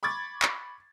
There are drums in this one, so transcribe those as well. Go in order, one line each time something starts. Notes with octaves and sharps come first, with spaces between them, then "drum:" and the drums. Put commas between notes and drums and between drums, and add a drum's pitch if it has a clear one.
B5 C#6 D6 G#6 A6
drum: clap